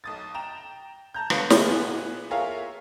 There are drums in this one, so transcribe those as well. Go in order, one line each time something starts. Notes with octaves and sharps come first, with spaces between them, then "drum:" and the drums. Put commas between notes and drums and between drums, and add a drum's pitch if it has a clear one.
B1 D#6 A6
G5 A#5 E7
A5 A#5 G6
D3 B3 F4 C#5 F#6 C#7, drum: rim click
drum: snare
A#2 F3 B3 F#4 G#4
F4 G#4 A#4 C#5 E5 F5